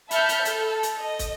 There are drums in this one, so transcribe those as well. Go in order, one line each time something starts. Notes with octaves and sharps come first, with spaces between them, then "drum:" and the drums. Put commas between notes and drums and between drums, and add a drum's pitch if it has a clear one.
E5 A5 B5 F6 G6 C#7, drum: hi-hat
drum: hi-hat
A4, drum: hi-hat
drum: hi-hat
D#5
drum: kick, hi-hat